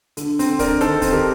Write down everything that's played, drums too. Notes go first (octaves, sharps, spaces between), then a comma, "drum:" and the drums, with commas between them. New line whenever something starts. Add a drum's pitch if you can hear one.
D3, drum: hi-hat
C4, drum: open hi-hat
D3 A#4 D5, drum: kick, open hi-hat
D#3 A4 C5, drum: hi-hat
C4, drum: kick, open hi-hat
G4 A#4